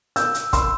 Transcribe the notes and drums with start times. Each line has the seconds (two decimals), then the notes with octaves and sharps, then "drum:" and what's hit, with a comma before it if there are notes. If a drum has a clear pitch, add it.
0.16 E6 G6, drum: hi-hat
0.34 drum: hi-hat
0.53 C6 E6, drum: kick, hi-hat